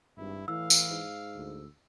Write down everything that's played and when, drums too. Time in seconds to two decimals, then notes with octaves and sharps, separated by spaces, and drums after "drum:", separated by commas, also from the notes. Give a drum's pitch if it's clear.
0.18 G#1 G2 E4
0.48 A2 E3 F5 E6
0.70 drum: tambourine
0.90 G#2
1.35 D2